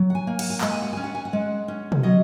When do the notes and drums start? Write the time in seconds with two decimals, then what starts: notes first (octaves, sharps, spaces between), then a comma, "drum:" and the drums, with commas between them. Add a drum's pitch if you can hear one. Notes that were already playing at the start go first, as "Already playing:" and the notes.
Already playing: F#3
0.10 F#5
0.15 G#5
0.27 A#3
0.39 F#5, drum: cymbal
0.50 G#5
0.61 G#3 F#5, drum: clap
0.71 G#5
0.82 F#5
0.93 C#4 G#5
1.04 F#5
1.15 G#5
1.25 F#5
1.33 G#3
1.68 C#4
1.92 drum: tom B2
2.03 F#3 D#5